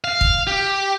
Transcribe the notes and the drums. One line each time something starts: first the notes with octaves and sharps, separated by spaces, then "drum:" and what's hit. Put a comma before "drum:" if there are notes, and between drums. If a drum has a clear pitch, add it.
F5
drum: kick
G4